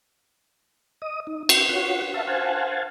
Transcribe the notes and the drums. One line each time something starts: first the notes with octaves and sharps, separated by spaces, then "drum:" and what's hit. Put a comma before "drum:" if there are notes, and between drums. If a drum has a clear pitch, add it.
D#5 D#6
D#4
F#4 E5 G5 C#6, drum: cymbal
F4 F#4 C#5 F#5
E5 F5 A5
C5 F5 F#5 G#5 A5